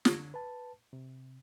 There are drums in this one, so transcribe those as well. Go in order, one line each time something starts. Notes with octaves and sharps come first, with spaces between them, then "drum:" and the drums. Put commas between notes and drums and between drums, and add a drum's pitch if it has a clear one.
D3, drum: snare
B4 A5
C3